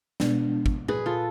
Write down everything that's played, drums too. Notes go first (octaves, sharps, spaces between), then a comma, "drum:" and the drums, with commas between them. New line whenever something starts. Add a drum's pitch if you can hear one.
B2 G#3 B3 D4, drum: snare
drum: kick
G#4 B4, drum: tom A#2
F4 A4